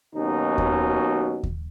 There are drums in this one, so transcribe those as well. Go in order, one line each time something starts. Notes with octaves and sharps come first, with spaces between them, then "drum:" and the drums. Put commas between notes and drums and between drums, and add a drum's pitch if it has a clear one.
D#2 B2 F#3 C#4 D#4
drum: kick D#2
drum: kick D#2